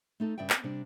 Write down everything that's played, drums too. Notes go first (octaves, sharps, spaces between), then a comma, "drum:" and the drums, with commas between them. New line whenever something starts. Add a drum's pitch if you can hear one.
A3 D#4 A4
G2 C#3 D5 E5 G5
C4, drum: clap
C3 G3 D4